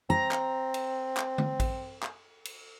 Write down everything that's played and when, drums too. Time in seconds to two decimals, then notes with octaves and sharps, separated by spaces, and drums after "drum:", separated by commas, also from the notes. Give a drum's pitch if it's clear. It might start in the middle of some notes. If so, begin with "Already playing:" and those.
0.10 C4 A#5
0.31 drum: clap
0.74 drum: cymbal
1.17 drum: clap
1.38 drum: tom D3
1.60 drum: kick A1, cymbal
2.03 drum: clap
2.45 drum: cymbal